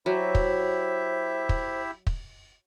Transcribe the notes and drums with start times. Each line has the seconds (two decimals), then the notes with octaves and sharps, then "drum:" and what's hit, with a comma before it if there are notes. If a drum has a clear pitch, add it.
0.06 F#3 E4 G4 C5 E5
0.35 drum: kick
1.49 drum: kick
2.07 drum: kick